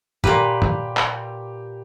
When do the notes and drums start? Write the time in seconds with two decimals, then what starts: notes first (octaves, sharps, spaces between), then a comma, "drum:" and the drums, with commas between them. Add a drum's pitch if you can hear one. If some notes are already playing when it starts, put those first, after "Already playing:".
0.24 A#2 G4 B4, drum: tom
0.62 drum: tom
0.97 drum: clap